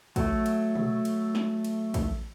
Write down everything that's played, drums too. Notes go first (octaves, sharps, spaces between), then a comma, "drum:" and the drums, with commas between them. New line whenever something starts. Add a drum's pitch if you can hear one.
F#3 A3, drum: kick, cymbal
drum: cymbal
drum: tom B2
drum: cymbal
drum: snare
drum: cymbal
drum: kick, cymbal